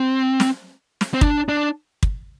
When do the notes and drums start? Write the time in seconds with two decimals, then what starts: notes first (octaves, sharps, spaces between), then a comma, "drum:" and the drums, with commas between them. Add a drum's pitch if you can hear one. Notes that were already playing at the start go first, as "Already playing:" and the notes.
Already playing: C4
0.40 drum: snare
1.01 drum: snare
1.14 C4
1.21 D4, drum: kick
1.49 D4
2.03 drum: kick